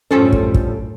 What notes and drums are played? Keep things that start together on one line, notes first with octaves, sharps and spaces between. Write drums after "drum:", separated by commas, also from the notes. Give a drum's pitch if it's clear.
F#2 A2 D3 F3 G3 C#4 A4
drum: kick
drum: kick